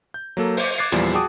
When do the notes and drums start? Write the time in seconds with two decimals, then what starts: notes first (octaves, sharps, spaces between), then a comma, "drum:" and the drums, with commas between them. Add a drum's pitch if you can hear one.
0.14 G6
0.37 F#3 A#3 A4
0.57 C5 D6, drum: open hi-hat
0.78 D6 F#6 G#6 A6 C7
0.92 E2 A#2 E3 F3 G3, drum: hi-hat
1.14 F#4 G#4 G5 A5 D6 D#6